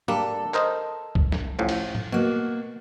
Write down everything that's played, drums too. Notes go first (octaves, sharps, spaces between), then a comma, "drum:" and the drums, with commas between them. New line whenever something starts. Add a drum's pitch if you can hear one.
G3 A#3 D4 A4
A#4 C5 D#5, drum: clap
drum: kick C2
drum: snare
A1 A2 F3
drum: cymbal
drum: tom A2
B2 A#3 F#4